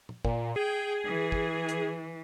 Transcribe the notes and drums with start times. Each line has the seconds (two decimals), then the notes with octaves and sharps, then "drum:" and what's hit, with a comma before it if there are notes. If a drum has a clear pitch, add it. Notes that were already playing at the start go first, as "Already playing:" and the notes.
0.09 drum: tom
0.25 A#2, drum: kick
0.56 G#4 G5
1.05 E3
1.32 drum: kick
1.69 drum: hi-hat